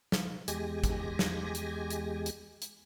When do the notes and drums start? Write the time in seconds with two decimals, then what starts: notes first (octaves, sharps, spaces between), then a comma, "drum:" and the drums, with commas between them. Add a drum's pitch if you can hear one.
0.12 drum: snare
0.48 E2 G#3 G4 G#5 A#6, drum: hi-hat
0.84 drum: kick, hi-hat
1.19 drum: snare
1.55 drum: hi-hat
1.90 drum: hi-hat
2.26 drum: hi-hat
2.62 drum: hi-hat